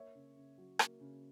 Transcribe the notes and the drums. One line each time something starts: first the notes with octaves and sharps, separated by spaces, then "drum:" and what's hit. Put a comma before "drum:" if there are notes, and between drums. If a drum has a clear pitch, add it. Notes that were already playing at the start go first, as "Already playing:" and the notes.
Already playing: A#3 C#5 E5
C#3
C#3
F#3
A#3, drum: rim click
C#3